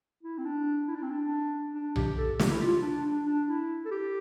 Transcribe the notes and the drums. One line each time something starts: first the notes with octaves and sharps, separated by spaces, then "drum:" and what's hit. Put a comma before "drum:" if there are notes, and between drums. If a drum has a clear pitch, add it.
E4
C4
D4
E4
D4
C4
D4
D4
G4, drum: tom B1
A4
G4, drum: snare
E4
F4
D4
D4
D4
E4
A4
G4